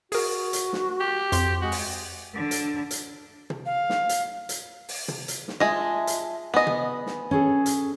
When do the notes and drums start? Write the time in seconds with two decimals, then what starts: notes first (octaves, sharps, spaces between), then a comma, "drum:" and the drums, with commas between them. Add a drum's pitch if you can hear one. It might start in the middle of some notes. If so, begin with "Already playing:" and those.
0.12 F#4 G#4 A#4, drum: open hi-hat
0.53 drum: hi-hat
0.73 drum: snare
1.00 G4
1.32 F2 C6, drum: hi-hat
1.62 G#3 F#4
1.72 drum: open hi-hat
2.35 D3
2.51 drum: hi-hat
2.91 drum: hi-hat
3.50 drum: tom
3.66 F5
3.90 drum: snare
4.09 drum: hi-hat
4.49 drum: hi-hat
4.89 drum: open hi-hat
5.08 drum: tom
5.28 drum: hi-hat
5.48 drum: snare
5.60 G#3 F4 D#5 E5 A5
6.07 drum: hi-hat
6.54 B3 D#5 G#5
6.67 drum: tom
7.06 drum: snare
7.31 C#4 G#4 A4
7.66 drum: hi-hat